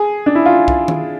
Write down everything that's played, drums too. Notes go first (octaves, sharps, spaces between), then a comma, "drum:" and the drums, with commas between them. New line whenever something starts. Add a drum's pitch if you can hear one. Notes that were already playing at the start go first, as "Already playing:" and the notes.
Already playing: G#4
D4
E4
F4
drum: kick
drum: tom D#3